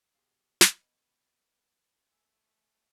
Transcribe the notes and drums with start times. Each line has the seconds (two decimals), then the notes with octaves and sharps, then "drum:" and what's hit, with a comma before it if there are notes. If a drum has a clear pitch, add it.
0.15 B2 G4 G#4 F5 C6
0.61 drum: snare
0.77 B3 D#5 B5
2.12 A3 G#5 E6